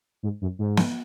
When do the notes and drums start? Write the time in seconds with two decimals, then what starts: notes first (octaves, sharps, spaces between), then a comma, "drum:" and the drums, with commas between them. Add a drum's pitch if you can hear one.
0.23 G#2
0.41 F#2
0.59 G#2
0.77 drum: snare